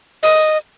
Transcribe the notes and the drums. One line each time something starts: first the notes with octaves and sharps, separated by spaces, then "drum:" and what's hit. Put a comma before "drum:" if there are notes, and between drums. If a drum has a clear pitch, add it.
D#5, drum: open hi-hat